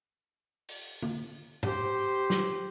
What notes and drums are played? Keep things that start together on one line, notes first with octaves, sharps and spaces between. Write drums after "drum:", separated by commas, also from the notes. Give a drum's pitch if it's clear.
drum: open hi-hat
drum: tom
G4 C5, drum: tom
drum: snare